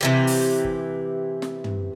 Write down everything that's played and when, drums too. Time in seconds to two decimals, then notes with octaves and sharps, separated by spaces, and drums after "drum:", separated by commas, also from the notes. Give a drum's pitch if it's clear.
0.01 C3 E3 G4
0.27 drum: open hi-hat
0.64 drum: kick
1.42 drum: snare
1.64 drum: tom